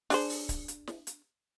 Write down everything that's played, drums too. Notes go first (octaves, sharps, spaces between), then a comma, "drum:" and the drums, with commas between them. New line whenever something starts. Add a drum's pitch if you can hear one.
D4 G#4 C5, drum: open hi-hat
drum: open hi-hat
drum: kick C#1, hi-hat
drum: hi-hat
drum: snare
drum: hi-hat